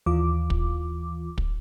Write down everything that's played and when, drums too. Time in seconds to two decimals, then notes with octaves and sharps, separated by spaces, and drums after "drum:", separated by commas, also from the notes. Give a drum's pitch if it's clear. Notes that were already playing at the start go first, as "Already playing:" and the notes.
0.06 D#2 E3 F4 D6
0.50 drum: kick
1.38 drum: kick